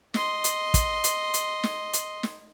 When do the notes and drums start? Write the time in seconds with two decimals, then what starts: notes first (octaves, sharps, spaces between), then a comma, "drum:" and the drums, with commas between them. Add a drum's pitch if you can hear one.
0.14 D#5 C6, drum: snare
0.44 drum: hi-hat
0.74 drum: kick, hi-hat
1.04 drum: hi-hat
1.34 drum: hi-hat
1.63 drum: snare
1.93 drum: hi-hat
2.23 drum: snare